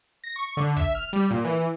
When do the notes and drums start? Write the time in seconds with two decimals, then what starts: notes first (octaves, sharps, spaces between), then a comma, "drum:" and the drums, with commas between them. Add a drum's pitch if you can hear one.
0.24 A#6
0.36 C#6
0.57 D3
0.76 E5, drum: kick, hi-hat
0.95 F6
1.13 G3
1.31 A#2
1.44 E3